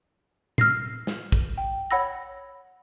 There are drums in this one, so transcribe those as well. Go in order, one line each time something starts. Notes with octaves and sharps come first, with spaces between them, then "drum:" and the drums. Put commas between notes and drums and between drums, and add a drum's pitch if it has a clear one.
E6 F6 A#6 C7, drum: tom A2
drum: snare
drum: kick
G5
C#5 F#5 B5 E6 A#6